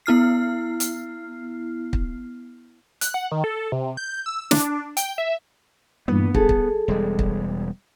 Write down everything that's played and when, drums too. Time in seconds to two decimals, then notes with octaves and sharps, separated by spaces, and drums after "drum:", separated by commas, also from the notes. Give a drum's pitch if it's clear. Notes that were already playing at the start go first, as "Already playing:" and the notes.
0.06 B3 E4 F6 C7
0.80 drum: hi-hat
1.93 drum: kick
3.01 F#6, drum: hi-hat
3.14 F#5
3.32 D#3
3.44 A4
3.72 C3
3.97 G6
4.26 E6
4.51 D4, drum: snare
4.97 G5, drum: hi-hat
5.18 E5
6.08 G2 A#2 E3 B3
6.35 G#4 A4, drum: kick
6.49 drum: kick
6.88 E1 G3 G#3
7.19 drum: kick